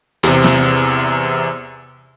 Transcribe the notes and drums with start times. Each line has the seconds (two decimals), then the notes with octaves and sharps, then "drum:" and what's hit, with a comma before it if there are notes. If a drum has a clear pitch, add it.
0.23 E2 C3, drum: hi-hat
0.44 drum: snare